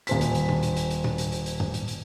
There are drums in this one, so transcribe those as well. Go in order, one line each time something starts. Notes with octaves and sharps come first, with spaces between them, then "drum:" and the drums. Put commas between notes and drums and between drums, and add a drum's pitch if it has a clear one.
D#1 C5 B6, drum: hi-hat
drum: hi-hat
drum: hi-hat
drum: tom
drum: hi-hat
drum: hi-hat
drum: hi-hat
drum: tom
drum: hi-hat
drum: hi-hat
drum: hi-hat
drum: tom G2
drum: hi-hat
drum: hi-hat